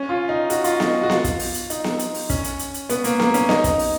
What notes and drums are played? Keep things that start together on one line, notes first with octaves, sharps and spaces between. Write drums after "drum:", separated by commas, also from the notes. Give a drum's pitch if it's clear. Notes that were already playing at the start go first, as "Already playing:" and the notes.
Already playing: C#4
F4
D#4
F#4, drum: hi-hat
F4, drum: hi-hat
D#4, drum: snare B3
F#4
F4, drum: snare B3
drum: kick, hi-hat
drum: open hi-hat
drum: hi-hat
D#4, drum: hi-hat
drum: snare B3
drum: hi-hat
drum: open hi-hat
C#4, drum: kick, hi-hat
drum: hi-hat
drum: hi-hat
drum: hi-hat
B3, drum: hi-hat
A#3, drum: hi-hat
A#3, drum: snare B3
C#4, drum: hi-hat
D#4, drum: snare B3
drum: kick, hi-hat
drum: open hi-hat